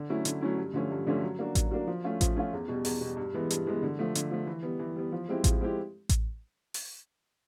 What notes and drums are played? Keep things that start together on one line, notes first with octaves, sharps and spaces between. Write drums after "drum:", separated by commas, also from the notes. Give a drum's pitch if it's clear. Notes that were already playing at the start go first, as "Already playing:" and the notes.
Already playing: D3
F#3 A3 C#4 E4
D3, drum: hi-hat
F#3 A3 C#4 E4
G2
D3 F3 A3 C#4
G2
D3 F3 A3 C#4
F#3
A#3 D4 F#4
F#3, drum: kick A1, hi-hat
A#3 D4 F#4
F3
A3 C#4 F4
F3, drum: kick A1, hi-hat
A3 C#4 F4
E2
B2 G3
E2, drum: open hi-hat
B2 G3
G2
E3 G#3 B3
G2, drum: hi-hat
E3 G#3 B3
D3
F3 A3
D3, drum: hi-hat
F3 A3
E3
G3 B3
E3
G3 B3
F3
G#3 C4 E4 G4
F3, drum: kick A1, hi-hat
G#3 C4 E4 G4
drum: kick A1, hi-hat
drum: open hi-hat